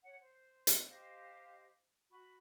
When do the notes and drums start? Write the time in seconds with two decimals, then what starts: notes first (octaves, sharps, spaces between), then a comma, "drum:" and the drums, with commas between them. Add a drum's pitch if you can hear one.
0.02 C#5 F#5
0.21 C5
0.67 drum: hi-hat
0.88 G4 C5 D#5 F5
2.10 F#4 B5